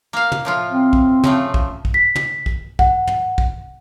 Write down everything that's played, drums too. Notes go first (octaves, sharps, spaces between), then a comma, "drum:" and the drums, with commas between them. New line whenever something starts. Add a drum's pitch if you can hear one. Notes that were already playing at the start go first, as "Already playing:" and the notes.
A#3 F5
drum: tom
A2 F3 F4
C4
drum: kick
C#3 F3 A3, drum: tom
drum: kick
drum: kick
B6
drum: tom
drum: kick
F#5, drum: kick
drum: tom
drum: kick